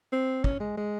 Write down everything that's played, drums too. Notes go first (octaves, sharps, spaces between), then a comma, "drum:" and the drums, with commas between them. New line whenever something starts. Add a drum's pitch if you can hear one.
C4
C#4, drum: kick
G#3
G#3